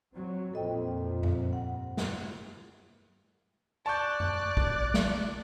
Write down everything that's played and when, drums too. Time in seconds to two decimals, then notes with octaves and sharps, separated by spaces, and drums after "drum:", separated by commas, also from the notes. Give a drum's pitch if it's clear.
0.12 F#3 C4
0.53 A#1 F2 A#2 C4 A4 D#5 G5
1.23 drum: tom F#2
1.53 G2 F#5
1.97 drum: snare
3.86 D5 A5 C#6 F#6 G6
4.20 drum: tom F#2
4.57 drum: kick
4.94 drum: snare